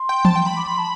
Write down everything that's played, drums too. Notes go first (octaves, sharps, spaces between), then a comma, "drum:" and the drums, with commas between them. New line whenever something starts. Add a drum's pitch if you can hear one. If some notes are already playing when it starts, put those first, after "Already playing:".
Already playing: C6
G5
A5, drum: tom E3
G5
B5
D6
C6
A5